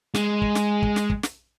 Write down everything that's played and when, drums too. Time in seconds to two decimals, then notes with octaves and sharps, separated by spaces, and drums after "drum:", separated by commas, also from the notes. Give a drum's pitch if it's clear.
0.15 G#3, drum: snare
0.42 drum: kick
0.55 drum: snare
0.82 drum: kick
0.96 drum: snare
1.10 drum: kick
1.23 drum: snare